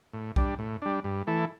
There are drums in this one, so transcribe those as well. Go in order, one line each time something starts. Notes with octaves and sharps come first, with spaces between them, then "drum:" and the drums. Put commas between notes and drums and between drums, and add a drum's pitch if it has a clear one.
A2
G3 D4, drum: kick B1
A2
G3 D4
G2
E3 A3 E4 A4